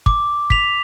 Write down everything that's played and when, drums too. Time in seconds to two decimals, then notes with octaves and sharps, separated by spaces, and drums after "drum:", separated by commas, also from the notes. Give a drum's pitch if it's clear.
0.06 D6, drum: kick
0.50 B6 F7, drum: kick